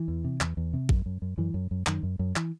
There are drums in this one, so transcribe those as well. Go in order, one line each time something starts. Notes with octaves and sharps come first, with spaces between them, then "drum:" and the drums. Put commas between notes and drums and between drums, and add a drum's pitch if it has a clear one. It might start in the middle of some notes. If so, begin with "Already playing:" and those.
Already playing: E3
E2
C3
E2, drum: clap
E2
C3
F#2, drum: kick A1
F#2
F#2
F#2 E3
F#2
F#2
F#2 D#3, drum: clap
F#2
F#2
E3, drum: clap